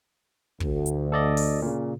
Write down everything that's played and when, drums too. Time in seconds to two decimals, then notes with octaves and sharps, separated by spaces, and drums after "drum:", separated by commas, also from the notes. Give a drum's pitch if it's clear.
0.60 D2, drum: kick
0.86 drum: hi-hat
1.12 A4 D5 D#5
1.37 drum: open hi-hat
1.62 A#2 C#3